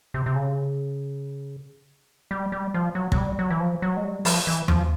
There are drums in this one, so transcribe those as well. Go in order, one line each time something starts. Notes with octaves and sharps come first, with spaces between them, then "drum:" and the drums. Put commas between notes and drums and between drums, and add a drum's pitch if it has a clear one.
C3
C3
C#3
G3
G3
F3
F#3
F#3, drum: kick
G3
F#3
E3
F3
F#3
G#3
G3
F3, drum: open hi-hat
E3
F3, drum: tom E2